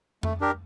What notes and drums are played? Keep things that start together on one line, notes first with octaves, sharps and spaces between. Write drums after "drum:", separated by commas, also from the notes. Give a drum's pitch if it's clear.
A3, drum: tom F2
D4 G4 A#4